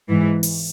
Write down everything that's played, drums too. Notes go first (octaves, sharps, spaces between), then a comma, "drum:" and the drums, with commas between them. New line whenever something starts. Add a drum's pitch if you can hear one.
G#2 E3
drum: open hi-hat